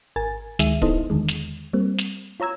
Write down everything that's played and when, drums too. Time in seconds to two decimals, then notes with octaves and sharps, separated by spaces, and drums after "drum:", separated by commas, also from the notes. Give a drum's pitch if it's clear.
0.16 G#1 A#4 G#5 A6
0.59 D2 D#3 G#3 G#4 E5 D#7, drum: snare
0.82 B3 D#4 E4 A4 C5 D#5, drum: kick
1.10 E2 D3 D#3 G#3
1.28 drum: snare
1.73 G3 A#3 C4
1.98 drum: snare
2.40 F4 C#5 A#5 E6 G#6